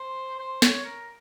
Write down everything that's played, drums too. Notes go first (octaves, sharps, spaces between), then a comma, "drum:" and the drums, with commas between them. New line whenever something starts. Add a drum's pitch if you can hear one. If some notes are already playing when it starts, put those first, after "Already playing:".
Already playing: C5
C5
C#5, drum: snare
A#4